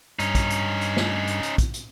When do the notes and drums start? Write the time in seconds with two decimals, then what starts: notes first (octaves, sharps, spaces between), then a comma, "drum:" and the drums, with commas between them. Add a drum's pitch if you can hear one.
0.19 G2 C#4 D#4, drum: hi-hat
0.35 drum: kick, hi-hat
0.50 drum: hi-hat
0.81 drum: hi-hat
0.97 drum: snare
1.27 drum: hi-hat
1.43 drum: hi-hat
1.58 drum: kick, hi-hat
1.74 drum: hi-hat